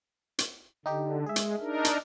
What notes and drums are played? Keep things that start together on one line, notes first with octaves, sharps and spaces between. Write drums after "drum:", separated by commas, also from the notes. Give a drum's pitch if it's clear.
drum: hi-hat
D3 D#4 G4
G#3 G#4 E5
drum: hi-hat
D4 D#4 A#4
drum: hi-hat